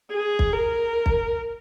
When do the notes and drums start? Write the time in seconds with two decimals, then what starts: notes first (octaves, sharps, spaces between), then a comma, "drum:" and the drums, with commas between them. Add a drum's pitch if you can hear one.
0.12 G#4
0.39 drum: kick
0.53 A#4
1.06 drum: kick